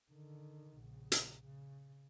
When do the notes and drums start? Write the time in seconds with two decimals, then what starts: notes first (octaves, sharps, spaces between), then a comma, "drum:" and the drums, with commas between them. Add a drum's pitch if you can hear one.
0.11 D3 D#3
0.77 A#1 C#3
1.12 drum: hi-hat
1.44 C#3